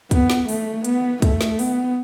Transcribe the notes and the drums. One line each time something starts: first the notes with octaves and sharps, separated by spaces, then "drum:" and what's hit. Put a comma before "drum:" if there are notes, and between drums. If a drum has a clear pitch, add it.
B3, drum: kick, hi-hat
drum: snare
A3, drum: open hi-hat
B3, drum: hi-hat
A3, drum: kick, hi-hat
drum: snare
B3, drum: open hi-hat